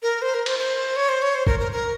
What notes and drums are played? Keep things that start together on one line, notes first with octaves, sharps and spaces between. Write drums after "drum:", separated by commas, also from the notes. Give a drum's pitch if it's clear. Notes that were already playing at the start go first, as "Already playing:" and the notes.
A#4
C5
A#4
C5, drum: cymbal
C5
C#5
C5
C#5
C5
A#4, drum: kick
A#4
A#4